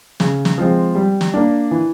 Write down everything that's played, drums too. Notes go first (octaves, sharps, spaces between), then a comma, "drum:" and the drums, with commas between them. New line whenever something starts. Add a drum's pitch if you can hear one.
C#3, drum: snare
drum: snare
F3 G#3 C4
G3
drum: snare
A#3 D4
E3